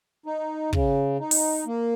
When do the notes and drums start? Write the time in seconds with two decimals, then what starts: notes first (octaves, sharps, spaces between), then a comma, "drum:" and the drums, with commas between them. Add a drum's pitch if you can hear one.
0.26 D#4
0.73 C#3, drum: kick
1.20 D#4
1.31 drum: open hi-hat
1.66 A#3